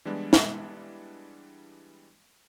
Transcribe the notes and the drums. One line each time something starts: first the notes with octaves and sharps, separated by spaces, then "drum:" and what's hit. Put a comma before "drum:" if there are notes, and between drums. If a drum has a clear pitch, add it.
E3 G3 G#3 B3 D4 E4
drum: snare